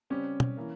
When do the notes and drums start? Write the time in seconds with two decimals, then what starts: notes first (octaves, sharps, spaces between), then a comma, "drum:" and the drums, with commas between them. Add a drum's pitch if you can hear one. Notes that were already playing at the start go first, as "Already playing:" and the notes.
0.10 C#3 G3 C4 C#4 G4
0.40 drum: tom
0.57 E3 A#3